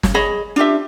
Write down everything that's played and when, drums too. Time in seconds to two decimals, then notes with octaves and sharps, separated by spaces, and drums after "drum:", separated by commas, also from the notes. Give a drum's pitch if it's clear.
0.03 drum: snare
0.14 G#4 C#5 D#5 B5
0.56 D4 F4 G4 E5